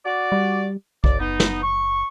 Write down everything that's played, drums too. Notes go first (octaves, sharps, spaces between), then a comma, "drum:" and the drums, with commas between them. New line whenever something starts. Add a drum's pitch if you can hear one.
F#4 D5
G3
F#1 D#2 D5, drum: kick B1
B3 D#4
drum: snare
C#6